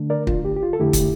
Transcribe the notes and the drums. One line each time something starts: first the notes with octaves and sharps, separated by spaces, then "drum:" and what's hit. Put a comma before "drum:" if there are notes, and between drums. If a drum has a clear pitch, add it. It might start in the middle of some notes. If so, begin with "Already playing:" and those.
Already playing: D3 A3 D4
A#4 D5
F4, drum: kick
G4
G4
F4
A4
F2 D3 A3 E4 G4
drum: kick, hi-hat